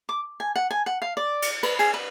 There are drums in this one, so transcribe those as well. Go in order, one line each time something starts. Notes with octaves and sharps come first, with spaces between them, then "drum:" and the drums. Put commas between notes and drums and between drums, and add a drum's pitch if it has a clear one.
D6
G#5
F#5
G#5
F#5
F5
D5
drum: cymbal
B4, drum: cymbal
G#4, drum: cymbal
B4